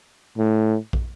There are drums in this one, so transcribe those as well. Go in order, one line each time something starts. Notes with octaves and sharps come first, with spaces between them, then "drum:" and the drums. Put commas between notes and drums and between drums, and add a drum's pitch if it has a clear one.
A2
drum: kick